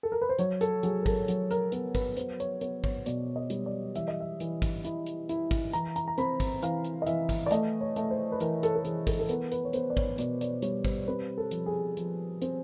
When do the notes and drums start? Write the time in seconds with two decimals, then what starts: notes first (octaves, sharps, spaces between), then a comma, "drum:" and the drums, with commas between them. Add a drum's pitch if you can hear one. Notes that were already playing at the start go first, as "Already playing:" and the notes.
0.03 A4
0.12 A#4
0.22 B4
0.29 C5
0.39 F#3 C#5, drum: hi-hat
0.61 A4, drum: hi-hat
0.83 F#3 G#4, drum: hi-hat
1.02 A#4
1.06 A4, drum: kick, hi-hat
1.28 F#3, drum: hi-hat
1.51 A#4, drum: hi-hat
1.72 B3 A#4, drum: hi-hat
1.95 B4, drum: kick, hi-hat
2.17 B3 C5, drum: hi-hat
2.40 C#5, drum: hi-hat
2.61 B3 C#5, drum: hi-hat
2.84 C#5, drum: kick
3.06 B2 D5, drum: hi-hat
3.36 D#5
3.50 G3, drum: hi-hat
3.66 D5
3.95 E3 E5, drum: hi-hat
4.08 D#5
4.20 E5
4.40 E3, drum: hi-hat
4.62 drum: kick, hi-hat
4.85 E4, drum: hi-hat
5.06 drum: hi-hat
5.29 E4, drum: hi-hat
5.51 drum: kick, hi-hat
5.73 E3 A#5, drum: hi-hat
5.96 A#5, drum: hi-hat
6.08 A#5
6.18 C4 B5, drum: hi-hat
6.40 drum: kick, hi-hat
6.63 E3 F5, drum: hi-hat
6.85 drum: hi-hat
7.02 D#5
7.07 E3 E5, drum: hi-hat
7.29 drum: kick, hi-hat
7.46 D5
7.51 A3 D#5, drum: hi-hat
7.81 C#5
7.96 A3, drum: hi-hat
8.11 C5
8.32 B4
8.40 E3 A#4, drum: hi-hat
8.63 A4, drum: hi-hat
8.76 A4
8.85 E3 G#4, drum: hi-hat
9.07 A4, drum: kick, hi-hat
9.19 A4
9.29 B3 A#4, drum: hi-hat
9.52 B4, drum: hi-hat
9.65 C#5
9.73 B3 C5, drum: hi-hat
9.90 D5
9.97 C#5, drum: kick
10.18 B2 D5, drum: hi-hat
10.41 D5, drum: hi-hat
10.62 G3 C#5, drum: hi-hat
10.85 C5, drum: kick, hi-hat
11.08 C4 B4
11.38 A4
11.51 F3, drum: hi-hat
11.66 G#4
11.97 F3, drum: hi-hat
12.42 C4, drum: hi-hat